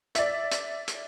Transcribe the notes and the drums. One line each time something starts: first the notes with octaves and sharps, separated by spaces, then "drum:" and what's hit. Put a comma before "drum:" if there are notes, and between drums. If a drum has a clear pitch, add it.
D5 E5, drum: hi-hat
drum: hi-hat
drum: hi-hat